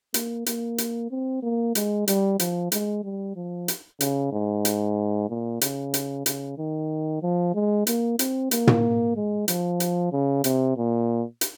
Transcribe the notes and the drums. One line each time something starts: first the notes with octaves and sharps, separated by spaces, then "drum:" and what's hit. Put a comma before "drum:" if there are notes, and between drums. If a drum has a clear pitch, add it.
A#3, drum: hi-hat
A#3, drum: hi-hat
drum: hi-hat
C4
A#3
G#3, drum: hi-hat
G3, drum: hi-hat
F3, drum: hi-hat
G#3, drum: hi-hat
G3
F3
drum: hi-hat
C#3, drum: hi-hat
G#2
drum: hi-hat
A#2
C#3, drum: hi-hat
drum: hi-hat
C#3, drum: hi-hat
D#3
F3
G#3
A#3, drum: hi-hat
C4, drum: hi-hat
A#3, drum: hi-hat
drum: tom
G#3
F3, drum: hi-hat
drum: hi-hat
C#3
C3, drum: hi-hat
A#2
drum: hi-hat